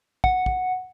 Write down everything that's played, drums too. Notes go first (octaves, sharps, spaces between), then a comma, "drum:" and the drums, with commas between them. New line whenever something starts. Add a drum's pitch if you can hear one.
F#5, drum: kick
drum: kick